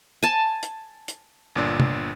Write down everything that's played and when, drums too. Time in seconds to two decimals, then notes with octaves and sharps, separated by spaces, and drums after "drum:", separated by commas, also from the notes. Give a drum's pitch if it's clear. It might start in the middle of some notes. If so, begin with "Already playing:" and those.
0.23 G#5 A5
0.63 drum: hi-hat
1.08 drum: hi-hat
1.56 G1 A#2 D4
1.80 drum: tom